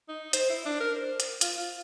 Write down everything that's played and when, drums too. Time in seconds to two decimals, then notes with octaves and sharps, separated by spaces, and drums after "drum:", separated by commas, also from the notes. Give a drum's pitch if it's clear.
0.09 D#4
0.33 C5, drum: hi-hat
0.50 E4
0.65 D4
0.80 A#4
0.95 C5
1.20 drum: hi-hat
1.41 F4, drum: hi-hat
1.58 F4